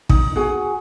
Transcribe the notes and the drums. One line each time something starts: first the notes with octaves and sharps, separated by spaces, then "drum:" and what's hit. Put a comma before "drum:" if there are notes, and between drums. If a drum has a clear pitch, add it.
D#4, drum: kick
F#4 G#4 F#5 G#5